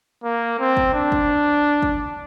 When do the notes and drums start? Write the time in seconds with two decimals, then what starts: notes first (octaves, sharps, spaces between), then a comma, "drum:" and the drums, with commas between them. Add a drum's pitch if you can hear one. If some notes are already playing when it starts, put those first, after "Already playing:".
0.24 A#3
0.60 C4
0.77 drum: kick
0.94 D4
1.12 drum: kick
1.82 drum: kick